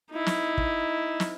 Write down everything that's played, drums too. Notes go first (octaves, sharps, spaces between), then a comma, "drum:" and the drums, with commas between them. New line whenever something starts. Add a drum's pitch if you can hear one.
D#4 E4
drum: snare
drum: kick
drum: snare